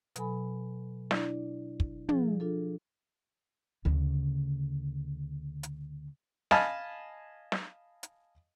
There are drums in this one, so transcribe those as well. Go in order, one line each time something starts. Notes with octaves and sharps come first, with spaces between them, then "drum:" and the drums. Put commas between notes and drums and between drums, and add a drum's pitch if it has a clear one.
B2 F#3 A4 G#5 B5, drum: hi-hat
D4 E4 D5, drum: snare
drum: kick
F3 G#4, drum: tom
D4 F4 A4
D2 C#3
drum: hi-hat
D#5 F5 G#5 A5 B5 F6, drum: snare
drum: snare
drum: hi-hat